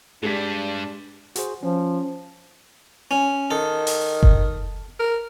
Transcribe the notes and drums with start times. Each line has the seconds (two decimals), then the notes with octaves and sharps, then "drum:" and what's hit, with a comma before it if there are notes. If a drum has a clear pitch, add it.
0.23 G2 G3 G#3 D4 G4 B6
1.36 F#4 G#4 C5, drum: hi-hat
1.63 F3 C#4
3.11 C#4
3.51 D#3 A4
3.87 drum: open hi-hat
4.23 drum: kick F#1
4.99 A#4